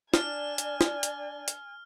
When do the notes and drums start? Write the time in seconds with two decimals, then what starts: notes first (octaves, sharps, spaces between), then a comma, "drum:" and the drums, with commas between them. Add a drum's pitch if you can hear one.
0.14 D4 D5 G#5 F6, drum: snare
0.58 drum: hi-hat
0.81 drum: snare
1.03 drum: hi-hat
1.48 drum: hi-hat